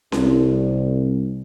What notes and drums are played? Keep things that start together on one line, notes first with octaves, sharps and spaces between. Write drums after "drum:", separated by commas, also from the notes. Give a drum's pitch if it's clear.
C2, drum: snare C#4